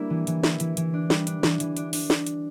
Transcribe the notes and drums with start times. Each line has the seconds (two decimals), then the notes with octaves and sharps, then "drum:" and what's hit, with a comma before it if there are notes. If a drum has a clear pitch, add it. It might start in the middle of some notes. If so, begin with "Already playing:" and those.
Already playing: G3 A#3 D4 E4
0.10 E3
0.27 E3, drum: hi-hat
0.43 E4, drum: snare
0.60 E3, drum: hi-hat
0.77 E3, drum: hi-hat
0.94 D4
1.10 G3, drum: snare
1.27 D4, drum: hi-hat
1.43 E3, drum: snare
1.60 E3, drum: hi-hat
1.77 D4, drum: hi-hat
1.93 D4, drum: open hi-hat
2.10 drum: snare
2.27 drum: hi-hat